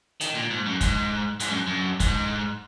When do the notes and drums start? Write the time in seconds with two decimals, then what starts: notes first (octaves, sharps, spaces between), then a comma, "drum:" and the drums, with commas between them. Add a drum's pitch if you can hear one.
0.21 D#3, drum: hi-hat
0.35 A#2
0.50 G#2
0.66 F#2
0.81 G#2, drum: kick, hi-hat
1.40 G#2, drum: hi-hat
1.50 F#2
1.67 F#2
2.00 G#2, drum: kick, hi-hat